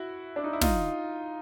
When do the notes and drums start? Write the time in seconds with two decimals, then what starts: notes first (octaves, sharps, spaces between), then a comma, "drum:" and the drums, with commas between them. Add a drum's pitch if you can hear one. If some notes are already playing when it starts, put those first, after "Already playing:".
Already playing: E4 F#4
0.36 D4
0.44 D#4
0.53 E4
0.61 D#4 F4, drum: snare